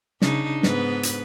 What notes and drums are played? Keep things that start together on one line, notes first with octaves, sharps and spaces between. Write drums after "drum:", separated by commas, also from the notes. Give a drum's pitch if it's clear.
C#3 D4 D#4, drum: snare
G#2 B3 B4, drum: snare
drum: hi-hat